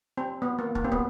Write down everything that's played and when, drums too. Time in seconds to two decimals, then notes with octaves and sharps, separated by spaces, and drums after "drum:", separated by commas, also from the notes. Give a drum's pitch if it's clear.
0.17 C4
0.42 B3
0.59 A#3
0.75 A#3, drum: kick
0.84 C4
0.92 B3, drum: kick